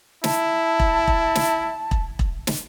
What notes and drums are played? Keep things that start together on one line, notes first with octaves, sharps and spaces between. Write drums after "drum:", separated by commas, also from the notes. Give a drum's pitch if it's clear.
E4 A5, drum: snare
drum: kick E1
drum: kick E1
drum: snare
drum: kick E1
drum: kick E1
drum: snare